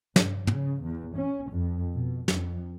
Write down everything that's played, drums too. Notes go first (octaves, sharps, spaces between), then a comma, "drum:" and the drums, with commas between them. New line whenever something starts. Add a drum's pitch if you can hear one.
G2, drum: snare
C#3, drum: tom
E2
C#4
F2
B2
F2, drum: snare